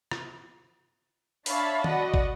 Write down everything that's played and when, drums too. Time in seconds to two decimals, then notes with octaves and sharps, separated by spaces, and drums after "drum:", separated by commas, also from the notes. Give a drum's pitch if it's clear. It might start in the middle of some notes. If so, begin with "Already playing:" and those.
0.11 drum: rim click
1.46 D4 C#5 E5 F5 A5 B5, drum: open hi-hat
1.84 F#4 D5 D#5 F#5 B5, drum: tom D#3
2.14 drum: kick